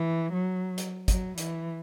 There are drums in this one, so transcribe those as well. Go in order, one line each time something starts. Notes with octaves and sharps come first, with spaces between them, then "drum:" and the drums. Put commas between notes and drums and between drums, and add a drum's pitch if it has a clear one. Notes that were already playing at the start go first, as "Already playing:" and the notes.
Already playing: E3
F#3
drum: hi-hat
F#3, drum: kick, hi-hat
E3, drum: hi-hat